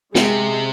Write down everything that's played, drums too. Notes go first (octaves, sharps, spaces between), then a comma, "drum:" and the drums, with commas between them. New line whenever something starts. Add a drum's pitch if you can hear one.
C3 G#3, drum: snare